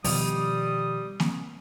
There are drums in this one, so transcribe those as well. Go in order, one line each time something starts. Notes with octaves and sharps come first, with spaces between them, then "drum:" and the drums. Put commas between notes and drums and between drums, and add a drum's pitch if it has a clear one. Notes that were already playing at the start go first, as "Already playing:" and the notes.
B2 D#3 F3 G3 D#6, drum: open hi-hat
drum: snare A#3